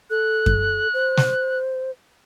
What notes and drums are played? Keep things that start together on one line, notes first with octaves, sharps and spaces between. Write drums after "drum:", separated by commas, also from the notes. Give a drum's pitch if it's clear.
A4 F#6
drum: kick F#2
C5
drum: snare